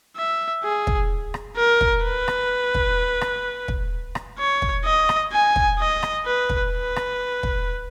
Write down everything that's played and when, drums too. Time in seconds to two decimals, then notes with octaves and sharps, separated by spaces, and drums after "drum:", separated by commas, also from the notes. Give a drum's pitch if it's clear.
0.17 E5
0.64 G#4
0.87 drum: kick
1.34 drum: rim click
1.57 A#4
1.81 drum: kick
2.04 B4
2.28 drum: rim click
2.75 drum: kick
3.21 drum: rim click
3.68 drum: kick
4.15 drum: rim click
4.39 C#5
4.62 drum: kick
4.85 D#5
5.09 drum: rim click
5.32 G#5
5.56 drum: kick
5.80 D#5
6.03 drum: rim click
6.26 B4
6.49 drum: kick
6.72 B4
6.96 drum: rim click
7.43 drum: kick